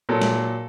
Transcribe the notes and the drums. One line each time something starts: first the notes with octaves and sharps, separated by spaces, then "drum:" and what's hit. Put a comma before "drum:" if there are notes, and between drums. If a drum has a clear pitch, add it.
A#2 F#3 A#3 A4
drum: snare